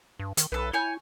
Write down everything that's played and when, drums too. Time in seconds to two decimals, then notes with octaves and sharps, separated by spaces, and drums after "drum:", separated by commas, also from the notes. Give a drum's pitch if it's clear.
0.19 G2
0.37 D#3, drum: hi-hat
0.52 B1 A4 B4
0.73 E4 C#5 G#5 G6